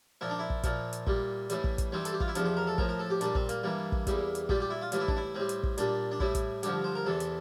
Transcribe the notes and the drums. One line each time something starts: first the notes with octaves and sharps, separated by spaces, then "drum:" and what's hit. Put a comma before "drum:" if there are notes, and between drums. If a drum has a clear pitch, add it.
A#2 F3 E4
D4
E4
drum: kick
A#2 F3, drum: kick, hi-hat
drum: hi-hat
A#2 G3, drum: kick
A2 E3 G3, drum: hi-hat
drum: kick
drum: kick, hi-hat
G2 E3 G3 C4
A4, drum: hi-hat
G4
F4, drum: kick
E4
E2 C3 F3 D4, drum: hi-hat
C5
A#4
A4
A2 F3 A#4, drum: kick
A#4
A4
G4
A#2 G3 D4, drum: hi-hat
C4, drum: kick
A#3, drum: hi-hat
G2 E3 G3 A#3
drum: kick
E2 E3 G3, drum: kick, hi-hat
drum: hi-hat
A#2 G3 G4, drum: kick
G4
E4
F4
A2 E3 G3 F4, drum: hi-hat
E4
D4, drum: kick
E4
A2 G3 C4
drum: hi-hat
drum: kick
A#2 G3 D4, drum: hi-hat
D4
A2 G3 E4, drum: kick
drum: kick, hi-hat
G2 D3 F3 G4, drum: hi-hat
C5
A#4
E2 C3 E3 A4
drum: hi-hat